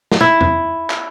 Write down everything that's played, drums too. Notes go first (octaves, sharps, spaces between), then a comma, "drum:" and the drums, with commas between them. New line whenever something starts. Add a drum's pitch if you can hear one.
drum: snare
E4
drum: tom E2
drum: clap